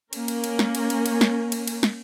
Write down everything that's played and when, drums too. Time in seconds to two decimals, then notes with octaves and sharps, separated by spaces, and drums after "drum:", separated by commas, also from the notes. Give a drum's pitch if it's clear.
0.13 A#3 C#4 A#4, drum: cymbal
0.28 drum: cymbal
0.44 drum: cymbal
0.59 drum: snare
0.75 drum: cymbal
0.90 drum: cymbal
1.06 drum: cymbal
1.21 drum: snare
1.52 drum: cymbal
1.68 drum: cymbal
1.83 drum: snare